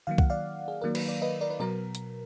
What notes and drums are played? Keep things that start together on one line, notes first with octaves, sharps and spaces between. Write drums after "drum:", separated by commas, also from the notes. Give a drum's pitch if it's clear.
D#3 F#3 A#3 F5
F#5, drum: kick C2
D5 F5
G#4
D#3 F#3 A#3 A#4
B4, drum: cymbal
D5
B4 D#5
A#4 D5
B4
B2 F#3 B3 A#4
drum: hi-hat